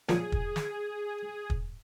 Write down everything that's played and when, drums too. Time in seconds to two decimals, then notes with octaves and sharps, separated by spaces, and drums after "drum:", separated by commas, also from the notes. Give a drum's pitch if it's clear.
0.09 A#2 F3 F#3 G#4, drum: snare
0.32 drum: kick
0.56 drum: snare
1.50 drum: kick